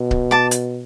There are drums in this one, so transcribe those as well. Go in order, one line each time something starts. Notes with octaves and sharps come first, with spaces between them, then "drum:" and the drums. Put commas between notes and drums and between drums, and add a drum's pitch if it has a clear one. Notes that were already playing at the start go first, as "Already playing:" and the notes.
Already playing: B2
drum: kick C#1
A5 D6
drum: hi-hat